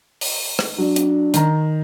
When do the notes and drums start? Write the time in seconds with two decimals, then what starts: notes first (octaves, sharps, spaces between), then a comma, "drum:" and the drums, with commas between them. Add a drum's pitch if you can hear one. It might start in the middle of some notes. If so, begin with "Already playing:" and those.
0.21 drum: open hi-hat
0.59 drum: rim click
0.78 F#3 D4
0.96 drum: hi-hat
1.34 D#3 A#5, drum: hi-hat